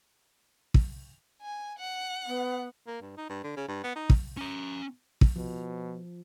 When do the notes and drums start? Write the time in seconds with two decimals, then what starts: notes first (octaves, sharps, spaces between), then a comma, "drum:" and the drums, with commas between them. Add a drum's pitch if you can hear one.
0.74 drum: kick
1.42 G#5
1.78 F#5
2.27 B3
2.87 A#3
3.01 G2
3.17 D#4
3.29 G2
3.44 D3
3.57 C#3
3.68 G2
3.84 B3
3.96 D#4
4.10 drum: kick
4.37 C#4 A#5
5.21 drum: kick
5.36 B2 F3